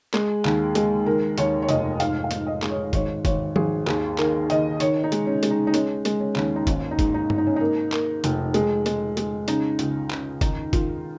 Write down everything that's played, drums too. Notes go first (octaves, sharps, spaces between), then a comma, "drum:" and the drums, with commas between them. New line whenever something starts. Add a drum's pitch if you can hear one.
G#3 G#4, drum: clap
D#2, drum: clap
G#3, drum: hi-hat
D#3 A#4
D#2 C#5, drum: hi-hat
C#5
F1 D#5, drum: hi-hat
G#2 F5, drum: hi-hat
F5
G#2, drum: hi-hat
D#5
G#3, drum: clap
C#5
G#1 C#5, drum: kick, hi-hat
G#1 C#5, drum: kick, hi-hat
G#1 G#4, drum: tom F3
D#2 G#4, drum: clap
D#3 A#4, drum: clap
D#3 D#5, drum: hi-hat
D#3 C#5, drum: hi-hat
D#4
G#3, drum: hi-hat
C#4
G#3, drum: hi-hat
D#4
D#4
G#3 C#4, drum: hi-hat
G#3, drum: hi-hat
C#4
D#2 C#4, drum: clap
D#4
G#1 C#4, drum: kick, hi-hat
D#4
G#2, drum: kick, hi-hat
D#4
G#2, drum: tom G2
D#4
C#4
A#3 D#4
A#3, drum: clap
F1, drum: hi-hat
G#3, drum: hi-hat
G#3, drum: hi-hat
G#3, drum: hi-hat
C#3 D#4, drum: hi-hat
C#2, drum: hi-hat
C#3, drum: clap
D#3 D#4, drum: kick, hi-hat
D#3 F4, drum: kick, hi-hat